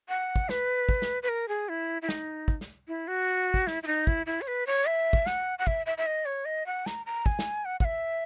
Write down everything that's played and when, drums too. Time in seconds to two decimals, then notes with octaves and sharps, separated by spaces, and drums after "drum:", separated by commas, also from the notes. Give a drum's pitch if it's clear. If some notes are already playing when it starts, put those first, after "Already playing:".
0.09 F#5
0.36 drum: kick
0.49 B4, drum: snare
0.89 drum: kick
1.02 drum: snare
1.23 B4
1.29 A#4
1.48 G#4
1.69 E4
2.02 E4
2.09 D#4, drum: snare
2.48 drum: kick
2.61 drum: snare
2.88 E4
3.08 F#4
3.54 drum: kick
3.67 E4, drum: snare
3.83 E4
3.87 D#4
4.07 E4, drum: kick
4.26 E4
4.41 C#5
4.47 B4
4.67 C#5
4.87 E5
5.13 drum: kick
5.26 F#5, drum: snare
5.59 F#5
5.67 E5, drum: kick
5.86 E5
5.98 E5
6.06 D#5
6.25 C#5
6.45 D#5
6.66 F#5
6.86 A#5, drum: snare
7.06 A#5
7.26 G#5, drum: kick
7.39 drum: snare
7.65 F#5
7.80 F#5, drum: kick
7.85 E5